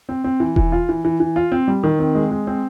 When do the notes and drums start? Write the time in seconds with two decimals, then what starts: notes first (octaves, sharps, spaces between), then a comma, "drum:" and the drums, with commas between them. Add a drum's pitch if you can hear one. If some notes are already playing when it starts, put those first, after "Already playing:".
0.09 C4
0.24 C4
0.40 E3
0.56 E3, drum: kick E1
0.72 F4
0.89 E3
1.05 E3
1.20 E3
1.36 F4
1.52 C4
1.68 G3
1.84 D#3
1.99 C4
2.15 G#3
2.31 G#3
2.47 C4